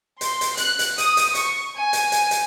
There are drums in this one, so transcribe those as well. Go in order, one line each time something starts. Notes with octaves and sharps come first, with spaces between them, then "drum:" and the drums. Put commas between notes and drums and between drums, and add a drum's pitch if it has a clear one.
C6, drum: hi-hat
drum: hi-hat
F#6, drum: hi-hat
drum: hi-hat
D#6, drum: hi-hat
drum: hi-hat
C#6, drum: hi-hat
G#5
drum: hi-hat
drum: hi-hat
drum: hi-hat